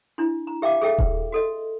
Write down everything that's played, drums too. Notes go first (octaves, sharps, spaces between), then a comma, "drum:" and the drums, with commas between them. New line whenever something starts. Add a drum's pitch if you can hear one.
D4 E4
A#5
G4 E5 F5 G5 D6
G#4 A4 E5 G5
drum: kick D#1
F#4 A4 D#5